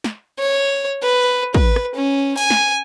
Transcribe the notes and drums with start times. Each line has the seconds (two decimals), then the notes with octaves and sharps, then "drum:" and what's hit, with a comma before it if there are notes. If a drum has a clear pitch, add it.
0.04 drum: snare
0.39 C#5
1.02 B4
1.54 B4, drum: kick
1.76 drum: rim click
1.95 C#4
2.37 G#5, drum: open hi-hat
2.50 drum: snare